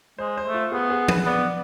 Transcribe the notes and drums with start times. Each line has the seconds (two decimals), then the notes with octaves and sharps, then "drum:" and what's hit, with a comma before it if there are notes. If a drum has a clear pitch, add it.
0.19 G#3 C5
0.37 C5
0.46 A3
0.54 F4
0.72 B3 G#4
0.90 G#4
1.08 B4, drum: tom
1.25 B3 D5